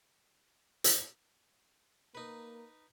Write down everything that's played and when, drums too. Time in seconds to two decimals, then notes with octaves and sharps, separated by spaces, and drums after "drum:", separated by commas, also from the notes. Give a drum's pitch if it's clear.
0.84 drum: hi-hat
2.15 A#3 D#4 B4